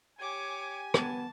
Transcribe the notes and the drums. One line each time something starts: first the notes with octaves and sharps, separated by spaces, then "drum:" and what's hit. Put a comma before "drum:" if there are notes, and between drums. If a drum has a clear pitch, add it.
G4 C#5 G#5 D6
B3 A5, drum: rim click